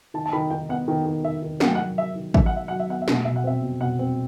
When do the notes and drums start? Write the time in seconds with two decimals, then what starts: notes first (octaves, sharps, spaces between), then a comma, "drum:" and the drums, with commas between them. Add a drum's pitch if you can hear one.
0.14 D#3 A5
0.26 A5
0.32 D#3 B5
0.50 D#3 G5
0.69 B3 F#5
0.88 D#3
1.06 D#3
1.24 D#3 E5
1.43 D#3
1.60 F#3 F#5, drum: snare A3
1.68 G5
1.75 F#5
1.79 F#3
1.98 F#3 E5
2.16 D#3
2.34 F#3 E5, drum: kick
2.46 F#5
2.53 F#3 E5
2.68 F#3 F#5
2.79 E5
2.89 B3 F#5
3.02 E5
3.08 B2, drum: snare A3
3.13 F#5
3.25 B2 E5
3.36 F#5
3.44 C4 E5
3.62 B2
3.81 B2 F#5
3.99 C4